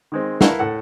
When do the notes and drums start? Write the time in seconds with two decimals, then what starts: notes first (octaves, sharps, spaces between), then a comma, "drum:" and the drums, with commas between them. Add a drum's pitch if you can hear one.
0.12 D#3 G#3 C4
0.41 E4 A#4 B4 F5 F#5 A5, drum: snare
0.59 A2 A4 F#5